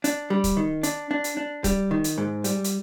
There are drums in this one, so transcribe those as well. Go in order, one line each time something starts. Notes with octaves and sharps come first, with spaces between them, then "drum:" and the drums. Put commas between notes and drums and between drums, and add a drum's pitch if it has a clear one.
D4, drum: hi-hat
G3
drum: kick C#1, hi-hat
D#3
D4, drum: hi-hat
D4
drum: hi-hat
D4
G3, drum: kick C#1, hi-hat
D#3
drum: hi-hat
G#2
G3, drum: hi-hat
drum: hi-hat